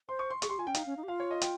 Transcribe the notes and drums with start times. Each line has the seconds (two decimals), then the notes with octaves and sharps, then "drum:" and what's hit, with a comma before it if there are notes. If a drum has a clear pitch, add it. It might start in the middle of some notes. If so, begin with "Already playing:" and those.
0.09 C5 C6
0.19 C#6
0.30 C6
0.42 G#4 C#6, drum: hi-hat
0.49 G4 C6
0.58 F4 G#5
0.67 C#4 G5
0.74 D#4 F5, drum: hi-hat
0.86 C#4
0.97 D#4
1.03 G4
1.08 F4 F5
1.20 C#5
1.31 D#5
1.41 G5, drum: hi-hat